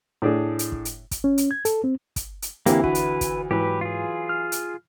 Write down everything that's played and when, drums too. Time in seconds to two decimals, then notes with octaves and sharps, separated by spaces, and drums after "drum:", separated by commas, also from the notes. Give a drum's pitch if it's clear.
0.22 A2 D4 G#4
0.59 drum: hi-hat
0.72 drum: kick
0.85 drum: hi-hat
1.11 drum: kick, hi-hat
1.24 C#4
1.38 drum: hi-hat
1.51 G#6
1.65 A4, drum: hi-hat
1.84 C4
2.16 drum: kick, hi-hat
2.42 drum: hi-hat
2.66 D2 E3 A#3 C4 E4 G4, drum: hi-hat
2.84 F#4 B4, drum: kick
2.95 drum: hi-hat
3.21 drum: kick, hi-hat
3.51 G#2 E3 F#3 G4 B4
3.81 F4 G#4
4.29 F6
4.52 drum: hi-hat